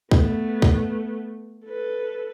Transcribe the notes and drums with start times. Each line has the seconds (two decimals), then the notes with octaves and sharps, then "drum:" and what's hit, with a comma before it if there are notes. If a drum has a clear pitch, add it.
0.11 A3 B3, drum: kick
0.62 drum: kick
1.65 A4 B4